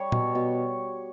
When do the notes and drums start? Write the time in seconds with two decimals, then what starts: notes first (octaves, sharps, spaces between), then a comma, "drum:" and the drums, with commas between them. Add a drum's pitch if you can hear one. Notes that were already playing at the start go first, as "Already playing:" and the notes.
Already playing: G3 C#5
0.12 B2, drum: tom A#2
0.35 B2